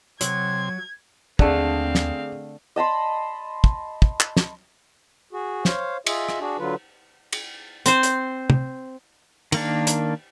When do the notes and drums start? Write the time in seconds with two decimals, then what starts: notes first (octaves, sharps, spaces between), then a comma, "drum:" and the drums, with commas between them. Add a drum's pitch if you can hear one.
0.21 C3 F#3 C6 G#6, drum: hi-hat
1.39 D#2 D3 A3 C4 G#4 D5 F5, drum: kick
1.95 drum: snare
2.76 D#5 A5 B5 C6
3.64 drum: kick
4.02 drum: kick
4.20 drum: clap
4.37 drum: snare
5.33 F#4 G#4
5.65 C5 C#5 F5, drum: snare
6.07 F4 G#4 D#5 E5, drum: cymbal
6.29 drum: rim click
6.40 D4 F#4 G#4
6.58 D3 F#3 F4 B4
7.33 drum: cymbal
7.86 C4 C5, drum: hi-hat
8.03 drum: hi-hat
8.50 drum: tom
9.52 D#3 A#3 D4, drum: cymbal
9.87 drum: hi-hat